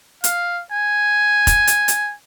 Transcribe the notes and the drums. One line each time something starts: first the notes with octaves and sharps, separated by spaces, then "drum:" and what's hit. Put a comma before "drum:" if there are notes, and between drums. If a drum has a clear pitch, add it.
F5, drum: hi-hat
G#5
drum: kick F1, hi-hat
drum: hi-hat
drum: hi-hat